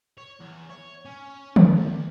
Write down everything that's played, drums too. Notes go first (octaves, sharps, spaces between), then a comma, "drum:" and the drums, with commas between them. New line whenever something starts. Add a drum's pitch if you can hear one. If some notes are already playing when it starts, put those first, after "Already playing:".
C#5
E2
C#5
C#4
drum: tom
D2